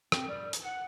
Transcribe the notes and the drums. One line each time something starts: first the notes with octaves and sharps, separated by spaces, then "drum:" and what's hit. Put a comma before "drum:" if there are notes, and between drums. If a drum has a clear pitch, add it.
C4, drum: rim click
G3
drum: hi-hat
F#5